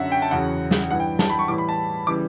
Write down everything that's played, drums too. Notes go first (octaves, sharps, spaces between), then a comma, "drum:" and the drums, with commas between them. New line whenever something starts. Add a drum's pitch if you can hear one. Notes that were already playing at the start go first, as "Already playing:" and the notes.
Already playing: F#2 D3 F#3 E5 F#5
G5
A5
E2 C#3 F#3 F#5
drum: snare
G2 E3 G3 F#5
G5
A5, drum: snare
B5
C#6
A2 E3 G3 D6
B5
A5
C#3 E3 G3 D6